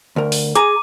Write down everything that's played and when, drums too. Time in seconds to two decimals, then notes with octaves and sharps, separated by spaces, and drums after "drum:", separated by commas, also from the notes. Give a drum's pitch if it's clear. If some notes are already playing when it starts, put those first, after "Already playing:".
0.16 D2 A#4
0.32 drum: open hi-hat
0.55 G#4 G#5 A#5 D6 D#7, drum: hi-hat